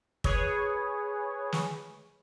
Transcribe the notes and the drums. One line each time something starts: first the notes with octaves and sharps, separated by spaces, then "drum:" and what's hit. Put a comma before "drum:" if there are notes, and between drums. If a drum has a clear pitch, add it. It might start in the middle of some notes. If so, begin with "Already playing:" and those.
G#4 B4 C#5, drum: kick
drum: snare